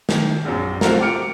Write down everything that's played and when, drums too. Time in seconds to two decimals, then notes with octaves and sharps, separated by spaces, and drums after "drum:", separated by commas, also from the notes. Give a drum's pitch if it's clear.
0.09 D#3, drum: snare
0.45 A#1 F#2
0.81 C4 F4 F#4 A4 A#4 A#5, drum: snare
1.00 G5 D6 F6 C#7 D7